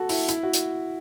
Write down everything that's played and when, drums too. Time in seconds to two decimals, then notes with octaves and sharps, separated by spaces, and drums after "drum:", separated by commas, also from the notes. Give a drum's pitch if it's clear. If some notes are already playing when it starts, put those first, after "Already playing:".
Already playing: F#4 A4
0.09 E4, drum: open hi-hat
0.29 E4, drum: hi-hat
0.43 F#4
0.53 drum: hi-hat